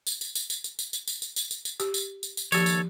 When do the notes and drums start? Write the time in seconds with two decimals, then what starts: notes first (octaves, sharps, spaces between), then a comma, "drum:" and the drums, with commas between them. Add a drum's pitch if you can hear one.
0.07 drum: tambourine
0.21 drum: tambourine
0.35 drum: tambourine
0.50 drum: tambourine
0.64 drum: tambourine
0.79 drum: tambourine
0.93 drum: tambourine
1.08 drum: tambourine
1.22 drum: tambourine
1.36 drum: tambourine
1.51 drum: tambourine
1.65 drum: tambourine
1.80 G4, drum: tambourine
1.94 drum: tambourine
2.23 drum: tambourine
2.37 drum: tambourine
2.52 D#2 F3 G4 A4 C#5, drum: tambourine
2.66 drum: tambourine